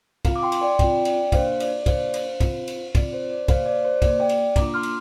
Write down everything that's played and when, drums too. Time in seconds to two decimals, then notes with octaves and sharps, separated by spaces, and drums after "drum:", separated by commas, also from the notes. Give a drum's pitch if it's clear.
0.25 C4 F4 F5 A#5, drum: kick, cymbal
0.36 D6
0.43 G5 C6
0.52 drum: cymbal
0.61 D5 G5
0.79 C4 F4 D5 G5, drum: kick, cymbal
1.05 D5 G5, drum: cymbal
1.32 A#3 D4 G4 C5 F5, drum: kick, cymbal
1.60 D5, drum: cymbal
1.82 D5
1.86 A#3 D4 G4 C5 F5, drum: kick, cymbal
2.14 drum: cymbal
2.40 C4 F4, drum: kick, cymbal
2.68 drum: cymbal
2.95 C4 F4 D5, drum: kick, cymbal
3.13 C5
3.30 D5
3.48 A#3 G4 C5 F5, drum: kick, cymbal
3.66 D5
3.84 C5
4.02 A#3 G4 D5, drum: kick, cymbal
4.20 D5 G5
4.29 drum: cymbal
4.56 A#3 D4 F4 A#5 D6, drum: kick, cymbal
4.74 C6 F6
4.83 drum: cymbal